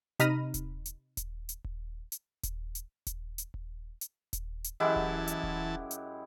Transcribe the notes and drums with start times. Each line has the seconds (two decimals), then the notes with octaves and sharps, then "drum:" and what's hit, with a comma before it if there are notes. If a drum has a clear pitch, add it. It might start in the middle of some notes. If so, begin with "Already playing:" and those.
0.19 C3 D#4 B5 F6 A#6 D#7, drum: hi-hat
0.54 drum: kick D#1, hi-hat
0.86 drum: hi-hat
1.17 drum: kick D#1, hi-hat
1.49 drum: hi-hat
1.64 drum: kick D#1
2.12 drum: hi-hat
2.43 drum: kick D#1, hi-hat
2.75 drum: hi-hat
3.07 drum: kick D#1, hi-hat
3.38 drum: hi-hat
3.54 drum: kick D#1
4.01 drum: hi-hat
4.33 drum: kick D#1, hi-hat
4.64 drum: hi-hat
4.80 F#2 E3 G#3 E4 G4 F#5 A5
4.96 drum: kick D#1
5.28 drum: hi-hat
5.43 drum: kick D#1
5.91 drum: hi-hat